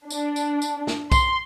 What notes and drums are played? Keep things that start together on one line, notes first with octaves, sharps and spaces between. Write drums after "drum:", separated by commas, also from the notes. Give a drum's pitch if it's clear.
D4, drum: tambourine
drum: tambourine
drum: tambourine
drum: snare
C6, drum: kick B1, tambourine